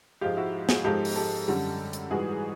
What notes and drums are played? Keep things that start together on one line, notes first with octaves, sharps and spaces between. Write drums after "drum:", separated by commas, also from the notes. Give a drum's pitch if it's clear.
G#2 F3 G#3 F4 G4
E4 F#4
F#4 G#4, drum: snare
G#2 F3 G#3 G4 A4
drum: open hi-hat
G4 A4
F#2 D3 G3
drum: hi-hat
G#2 E3 G3 F#4 G#4